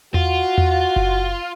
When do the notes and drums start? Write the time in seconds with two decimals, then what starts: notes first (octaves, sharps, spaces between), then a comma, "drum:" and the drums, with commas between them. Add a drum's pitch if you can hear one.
0.14 F4 F#4, drum: tom E2
0.58 drum: tom E2
0.96 drum: kick F#1